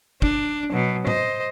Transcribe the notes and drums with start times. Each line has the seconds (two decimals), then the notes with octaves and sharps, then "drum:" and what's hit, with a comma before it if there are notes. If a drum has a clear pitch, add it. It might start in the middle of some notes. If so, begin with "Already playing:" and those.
0.22 D4, drum: kick
0.73 B2 F#3
1.07 C5 D#5, drum: tom G#2